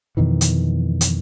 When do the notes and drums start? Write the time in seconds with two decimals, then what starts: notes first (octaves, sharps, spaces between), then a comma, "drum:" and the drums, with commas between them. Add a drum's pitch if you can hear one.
0.17 F2 B2 D#3 E3
0.41 drum: hi-hat
1.01 drum: hi-hat